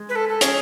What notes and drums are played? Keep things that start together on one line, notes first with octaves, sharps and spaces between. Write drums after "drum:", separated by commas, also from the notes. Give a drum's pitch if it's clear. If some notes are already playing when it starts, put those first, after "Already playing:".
Already playing: G#3
B4
A4
A4
C#4 G#4, drum: hi-hat